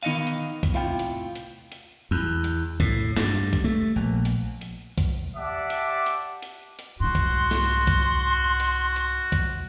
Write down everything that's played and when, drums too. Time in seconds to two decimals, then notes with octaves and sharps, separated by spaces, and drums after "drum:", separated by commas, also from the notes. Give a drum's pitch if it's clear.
0.03 D#3 B3 D#5 F5 C#7 D#7
0.27 drum: hi-hat
0.63 drum: kick, hi-hat
0.74 A2 C3 F4 F5 G5
0.99 drum: hi-hat
1.35 drum: hi-hat
1.72 drum: hi-hat
2.11 E2
2.44 drum: hi-hat
2.80 A2, drum: kick, hi-hat
3.16 G2, drum: snare
3.53 drum: kick, hi-hat
3.64 A3
3.96 A#1
4.25 drum: hi-hat
4.61 drum: hi-hat
4.98 drum: kick, hi-hat
5.37 G4 D5 E5 F#5 A5 D6
5.70 drum: hi-hat
6.06 drum: hi-hat
6.42 drum: hi-hat
6.79 drum: hi-hat
7.00 C2 G#2 F#4 C6
7.15 drum: kick, hi-hat
7.51 drum: snare
7.87 drum: kick, hi-hat
8.60 drum: hi-hat
8.96 drum: hi-hat
9.32 drum: kick, hi-hat